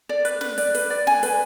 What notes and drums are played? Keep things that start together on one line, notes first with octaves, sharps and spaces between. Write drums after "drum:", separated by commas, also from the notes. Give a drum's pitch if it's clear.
D5
B4, drum: hi-hat
B4, drum: snare
D5, drum: open hi-hat
B4, drum: open hi-hat
D5
G#5, drum: snare
B4, drum: open hi-hat